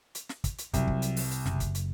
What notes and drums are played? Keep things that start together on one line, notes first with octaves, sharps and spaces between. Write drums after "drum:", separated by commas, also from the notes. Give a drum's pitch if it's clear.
drum: hi-hat
drum: snare
drum: kick, hi-hat
drum: hi-hat
C2 F#3, drum: kick, hi-hat
drum: kick
drum: hi-hat
drum: open hi-hat
drum: hi-hat
F#1, drum: snare
drum: kick, hi-hat
drum: hi-hat